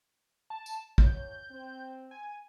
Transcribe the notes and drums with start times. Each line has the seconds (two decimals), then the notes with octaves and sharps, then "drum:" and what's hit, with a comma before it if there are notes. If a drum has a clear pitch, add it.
0.50 A5
0.66 drum: tambourine
0.98 E2 C#5 G6, drum: kick
1.51 C4
2.11 G#5